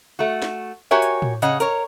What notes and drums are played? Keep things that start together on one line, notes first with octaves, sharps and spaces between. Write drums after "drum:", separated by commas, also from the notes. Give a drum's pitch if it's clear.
A3 F#4
drum: snare
F#4 G4 A#4 C#5 E5 G#5
drum: hi-hat
drum: tom A2
C#3 C#5 D#5 F#5, drum: hi-hat
A#4 C#5, drum: hi-hat